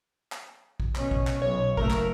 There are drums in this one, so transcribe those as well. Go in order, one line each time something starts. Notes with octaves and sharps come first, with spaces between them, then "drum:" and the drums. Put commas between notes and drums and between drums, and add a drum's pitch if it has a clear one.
drum: clap
drum: kick A#1
B2 C#4, drum: clap
drum: kick A#1
drum: clap
B1 C#5
F#1 A3 A#4, drum: kick A#1
drum: clap